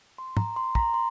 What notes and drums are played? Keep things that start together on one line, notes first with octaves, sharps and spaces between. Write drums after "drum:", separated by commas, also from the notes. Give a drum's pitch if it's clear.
C6
A#5, drum: tom
C6
A#5, drum: kick
C6